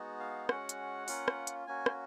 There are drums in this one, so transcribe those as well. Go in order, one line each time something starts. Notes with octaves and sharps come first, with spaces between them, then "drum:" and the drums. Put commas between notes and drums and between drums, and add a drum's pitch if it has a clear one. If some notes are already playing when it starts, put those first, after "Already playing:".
Already playing: G#3 B3 D#4 F#4
F5
G#3 C#4 F#4 F#5, drum: rim click
drum: hi-hat
A#3 C#4 F4, drum: open hi-hat
drum: rim click
drum: hi-hat
A#3 C#4 F#4 G#5
drum: rim click